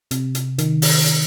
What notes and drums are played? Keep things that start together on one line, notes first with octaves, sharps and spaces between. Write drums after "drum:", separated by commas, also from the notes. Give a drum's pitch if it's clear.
C3, drum: hi-hat
drum: hi-hat
D#3, drum: hi-hat
drum: open hi-hat
drum: hi-hat